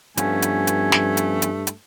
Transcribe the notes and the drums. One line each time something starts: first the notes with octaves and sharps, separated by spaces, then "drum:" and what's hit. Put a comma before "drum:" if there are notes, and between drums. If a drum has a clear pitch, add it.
G2 F3 A3 B3 C#4 G#5, drum: hi-hat
drum: hi-hat
drum: hi-hat
drum: snare
drum: hi-hat
drum: hi-hat
drum: hi-hat